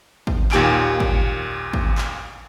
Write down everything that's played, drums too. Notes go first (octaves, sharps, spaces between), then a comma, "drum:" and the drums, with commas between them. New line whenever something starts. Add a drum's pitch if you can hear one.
drum: kick G#1
D#2 A#2 G4 G#5 D7, drum: clap
drum: kick G#1
drum: kick G#1
drum: clap